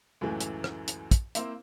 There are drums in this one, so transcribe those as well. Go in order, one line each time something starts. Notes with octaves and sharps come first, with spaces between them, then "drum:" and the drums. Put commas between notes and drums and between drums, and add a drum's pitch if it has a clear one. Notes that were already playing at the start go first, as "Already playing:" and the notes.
C#2 F#2 A2 E3 A3
drum: hi-hat
drum: rim click
drum: hi-hat
drum: kick, hi-hat
A#3 C4 E4 C5, drum: hi-hat